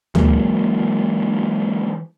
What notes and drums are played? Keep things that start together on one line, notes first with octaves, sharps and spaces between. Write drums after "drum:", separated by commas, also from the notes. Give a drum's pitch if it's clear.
E3 F#3 G#3 A#3, drum: tom D2